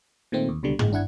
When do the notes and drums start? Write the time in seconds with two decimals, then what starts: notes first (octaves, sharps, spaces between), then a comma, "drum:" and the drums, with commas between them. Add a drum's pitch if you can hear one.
0.32 A#2 D#3 A3 C4
0.49 D#2
0.63 C#2 B2 D3 G3
0.79 G1 A#2 G#3, drum: tom
0.92 G#1 D4 E4 F#5 G#6